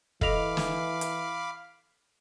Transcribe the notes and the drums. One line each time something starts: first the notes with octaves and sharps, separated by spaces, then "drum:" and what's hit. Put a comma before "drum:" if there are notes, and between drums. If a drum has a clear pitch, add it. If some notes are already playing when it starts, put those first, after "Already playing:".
E3 A4 D#5 F5 B5 D6 F7, drum: kick
drum: snare
drum: hi-hat